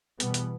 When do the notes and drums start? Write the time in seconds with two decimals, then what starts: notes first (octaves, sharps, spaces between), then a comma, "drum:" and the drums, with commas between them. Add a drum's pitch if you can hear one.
0.20 E2 B2 G3 B3, drum: hi-hat
0.34 drum: hi-hat